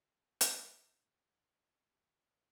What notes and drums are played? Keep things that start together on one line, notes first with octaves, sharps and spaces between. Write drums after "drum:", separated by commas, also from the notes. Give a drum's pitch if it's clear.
drum: hi-hat
A3 C4 C#5 G5
D#2 D#4
C2 C#6